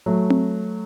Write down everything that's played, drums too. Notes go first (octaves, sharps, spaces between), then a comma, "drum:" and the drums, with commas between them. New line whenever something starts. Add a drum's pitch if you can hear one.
F#3 A3
drum: tom C4